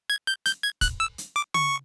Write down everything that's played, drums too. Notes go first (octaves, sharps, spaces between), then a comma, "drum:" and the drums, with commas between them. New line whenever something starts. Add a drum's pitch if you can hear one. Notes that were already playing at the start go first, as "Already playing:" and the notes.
G#6
G6
G6, drum: hi-hat
G#6
F#6, drum: kick, hi-hat
E6
drum: hi-hat
D6
C#6, drum: tom